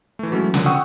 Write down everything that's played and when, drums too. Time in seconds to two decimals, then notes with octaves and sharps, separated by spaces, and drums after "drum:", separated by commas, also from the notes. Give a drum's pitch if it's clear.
0.19 E3 A3
0.31 E3 F#3 G#3 A3 C#4
0.54 D3 F3, drum: snare
0.66 F#5 G5 C#6 D#6 E6